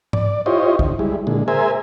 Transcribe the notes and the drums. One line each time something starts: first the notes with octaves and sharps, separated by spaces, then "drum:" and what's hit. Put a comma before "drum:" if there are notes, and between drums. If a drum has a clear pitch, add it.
D5, drum: tom G#2
E4 F4 G4 C5 C#5 D#5
D3, drum: kick
G3 G#3 E4
A#2 D3 G#3
G#4 A#4 C5 E5 G#5